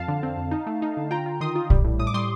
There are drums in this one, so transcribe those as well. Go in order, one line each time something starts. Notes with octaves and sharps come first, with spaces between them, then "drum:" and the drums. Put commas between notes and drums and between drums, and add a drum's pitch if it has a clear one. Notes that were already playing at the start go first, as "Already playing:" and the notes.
Already playing: F2 F5 A5
D3
C4
F2
D#4
A3
D#4
D3
F4 G5 A#5
F4
D#3 C6 D#6
F4
G3, drum: kick A#1
A2
A2 D#6
D6
G3 C6 D#6